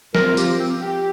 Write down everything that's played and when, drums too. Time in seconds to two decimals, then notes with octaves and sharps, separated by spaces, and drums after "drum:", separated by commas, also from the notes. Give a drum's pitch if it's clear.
0.15 F3 C4 F4 A#4, drum: snare
0.37 G4, drum: tambourine
0.59 C4
0.81 G4